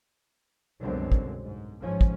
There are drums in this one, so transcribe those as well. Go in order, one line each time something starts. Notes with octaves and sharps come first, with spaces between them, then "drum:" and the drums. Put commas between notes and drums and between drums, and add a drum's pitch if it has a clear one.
C2 F#2 B2 D3 G#3 C4
drum: kick
G#2
A1 G#2 F3 C#4
drum: kick